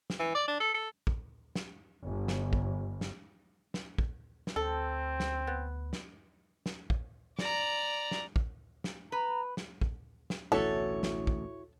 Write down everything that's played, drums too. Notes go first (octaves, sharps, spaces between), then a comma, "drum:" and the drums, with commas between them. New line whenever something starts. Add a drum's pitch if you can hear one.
drum: snare
E3
D5
D4
A4
A4
drum: kick
drum: snare
G1
drum: snare
drum: kick
drum: snare
drum: snare
drum: kick
drum: snare
D2 C4 A4
drum: snare
B3
drum: snare
drum: snare
drum: kick
D5 A#5, drum: snare
drum: snare
drum: kick
drum: snare
B4 A#5
drum: snare
drum: kick
drum: snare
A1 D2 B2 E4 F#4 A4 C#5 E5
drum: snare
drum: kick